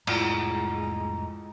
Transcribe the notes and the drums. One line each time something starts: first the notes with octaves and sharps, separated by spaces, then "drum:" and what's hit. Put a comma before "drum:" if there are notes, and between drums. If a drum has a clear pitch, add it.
F2 A2 G#3 A3 E4 F4 D5 A#5, drum: cymbal